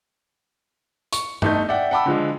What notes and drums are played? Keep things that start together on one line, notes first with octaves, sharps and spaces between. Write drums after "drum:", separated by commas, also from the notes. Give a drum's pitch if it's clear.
C#6, drum: hi-hat
G1 A3 D#4 G6, drum: tom G2
D5 E5 F#5 G5
F#5 G5 A5 B5 D6 E6
D3 F3 G#3